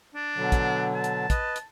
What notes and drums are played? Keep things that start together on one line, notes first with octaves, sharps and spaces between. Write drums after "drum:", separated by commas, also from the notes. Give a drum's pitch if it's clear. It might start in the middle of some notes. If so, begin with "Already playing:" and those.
D4
B2 D3 F#3
drum: kick, hi-hat
A5
drum: hi-hat
B4 D#5, drum: kick, hi-hat
drum: hi-hat